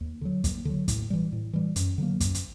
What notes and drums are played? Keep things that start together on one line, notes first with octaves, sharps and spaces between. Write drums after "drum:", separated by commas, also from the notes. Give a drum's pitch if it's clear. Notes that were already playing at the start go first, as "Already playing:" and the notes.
D#2
D3 F#3
D#2, drum: kick, hi-hat
D3 F#3
A2, drum: kick, hi-hat
E3 G3
A2
E3 G3
F#2, drum: hi-hat
D3 F#3 A#3
F#2, drum: kick, hi-hat
drum: hi-hat